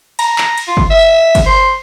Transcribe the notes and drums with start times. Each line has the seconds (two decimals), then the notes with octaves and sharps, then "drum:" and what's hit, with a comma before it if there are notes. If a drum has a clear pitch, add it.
0.19 A#5, drum: cymbal
0.38 drum: clap
0.58 drum: cymbal
0.68 F4
0.77 drum: kick G1
0.90 E5
1.35 drum: kick G1, cymbal
1.46 C5